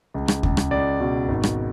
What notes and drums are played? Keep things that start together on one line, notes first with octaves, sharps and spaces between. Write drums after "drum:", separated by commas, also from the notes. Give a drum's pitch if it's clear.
C#2
drum: rim click
C#2, drum: kick
drum: rim click
C#2 D5
B2
G#1
drum: rim click